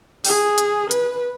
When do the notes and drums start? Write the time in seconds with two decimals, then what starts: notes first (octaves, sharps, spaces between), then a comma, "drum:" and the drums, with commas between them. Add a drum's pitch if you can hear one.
0.25 G#4, drum: open hi-hat
0.58 drum: hi-hat
0.91 B4, drum: hi-hat